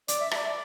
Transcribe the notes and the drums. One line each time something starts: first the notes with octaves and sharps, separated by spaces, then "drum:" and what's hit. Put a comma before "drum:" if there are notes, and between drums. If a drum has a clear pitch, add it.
D5, drum: hi-hat
E5
E5, drum: rim click
D5